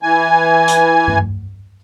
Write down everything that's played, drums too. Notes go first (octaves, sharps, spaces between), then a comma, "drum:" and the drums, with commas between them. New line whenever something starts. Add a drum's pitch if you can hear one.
E3 G#5
drum: hi-hat
drum: tom G2